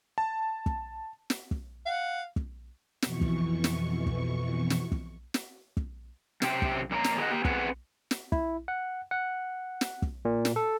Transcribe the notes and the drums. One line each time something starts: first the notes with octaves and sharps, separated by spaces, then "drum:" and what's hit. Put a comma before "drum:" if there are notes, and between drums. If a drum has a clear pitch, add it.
A5
drum: kick
drum: snare
drum: kick
F5 F#5
drum: kick
F2 B2 E3 C#6, drum: snare
drum: kick
drum: snare
drum: kick
drum: snare
drum: kick
drum: snare
drum: kick
F#2 C3 G4 C5 G5, drum: snare
drum: kick
F2 A#2 A#3 C#4 A#4 A#5
drum: snare
G#4 A#4 D#5 F#5
A#3 G4
C4 G#4 B4 F#5, drum: kick
drum: snare
E4, drum: kick
F#5
F#5
drum: snare
drum: kick
A#2
drum: snare
A4